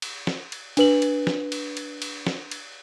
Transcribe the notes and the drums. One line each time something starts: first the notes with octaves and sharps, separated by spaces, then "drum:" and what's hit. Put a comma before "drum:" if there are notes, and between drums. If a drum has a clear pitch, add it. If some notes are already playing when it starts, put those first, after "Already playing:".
drum: cymbal
drum: snare
drum: cymbal
D4 B4 F#7, drum: cymbal
drum: cymbal
drum: snare
drum: cymbal
drum: cymbal
drum: cymbal
drum: snare
drum: cymbal